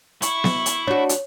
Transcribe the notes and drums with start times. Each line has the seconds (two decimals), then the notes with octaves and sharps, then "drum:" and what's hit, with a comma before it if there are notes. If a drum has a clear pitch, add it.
0.22 E4 C#6, drum: hi-hat
0.44 drum: snare B3
0.66 drum: hi-hat
0.88 D4 F#4 C#5
1.09 drum: hi-hat